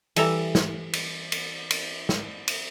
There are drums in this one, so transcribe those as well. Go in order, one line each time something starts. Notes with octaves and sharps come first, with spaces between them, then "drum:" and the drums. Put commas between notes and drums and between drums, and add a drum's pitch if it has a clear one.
E3 G3 A4 E5 A#5, drum: cymbal
drum: snare
drum: cymbal
drum: cymbal
drum: cymbal
drum: snare
drum: cymbal